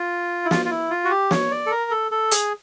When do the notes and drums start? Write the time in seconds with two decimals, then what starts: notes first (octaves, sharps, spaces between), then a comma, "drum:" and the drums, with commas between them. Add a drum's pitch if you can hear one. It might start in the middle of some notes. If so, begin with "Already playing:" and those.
Already playing: F4
0.45 E4
0.51 F4, drum: snare
0.65 F4
0.70 E4
0.91 F4
1.05 F#4
1.10 G4
1.31 C#5, drum: snare
1.51 D5
1.66 A4
1.71 A#4
1.91 A4
2.11 A4
2.31 G#4, drum: hi-hat